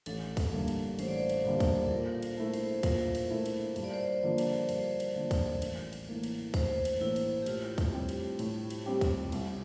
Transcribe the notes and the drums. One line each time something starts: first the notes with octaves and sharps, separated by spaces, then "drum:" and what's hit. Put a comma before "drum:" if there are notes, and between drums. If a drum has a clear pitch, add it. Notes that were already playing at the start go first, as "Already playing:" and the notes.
A1 A4, drum: cymbal
drum: kick, cymbal
G2 D3 G3 A#3
drum: cymbal
A1 C5, drum: cymbal
D5
C5
drum: cymbal
G2 D3 G3 A#3
drum: kick, cymbal
A4
A#2 A#4
A#4
C5, drum: cymbal
A3 E4 A#4
C5, drum: cymbal
A#2 A#4, drum: kick, cymbal
drum: cymbal
A3 E4 A#4
drum: cymbal
G2, drum: cymbal
D5
C5
D5
D3 F3 A#3
drum: cymbal
G2 C5, drum: cymbal
drum: cymbal
D3 F3 A#3
drum: kick, cymbal
A1, drum: cymbal
drum: cymbal
A2 E3 A#3
drum: cymbal
A1 C5, drum: kick, cymbal
drum: cymbal
A2 E3 A#3 E4
drum: cymbal
G4
A2 F4, drum: cymbal
drum: kick, cymbal
G3 C4 G4
drum: cymbal
A2, drum: cymbal
drum: cymbal
G3 C4 G4
drum: kick, cymbal
C2, drum: cymbal